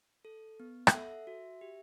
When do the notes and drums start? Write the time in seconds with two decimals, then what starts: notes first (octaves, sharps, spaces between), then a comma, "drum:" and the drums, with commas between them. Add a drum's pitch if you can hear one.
0.25 A4
0.60 B3
0.87 F#5, drum: rim click
0.94 A4 E5
1.27 F#4
1.61 G4